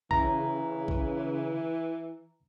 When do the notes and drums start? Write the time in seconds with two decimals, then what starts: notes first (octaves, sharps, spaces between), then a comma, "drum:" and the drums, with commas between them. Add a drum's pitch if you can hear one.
0.11 C#3 E3 A#5, drum: kick A1
0.88 drum: kick A1